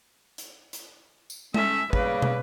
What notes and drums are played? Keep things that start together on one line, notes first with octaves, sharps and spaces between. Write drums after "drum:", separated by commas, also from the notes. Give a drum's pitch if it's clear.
drum: hi-hat
drum: hi-hat
drum: tambourine
A3 C#4 E5, drum: tom G#3
C#3 G3 A#3 B4, drum: kick
drum: tom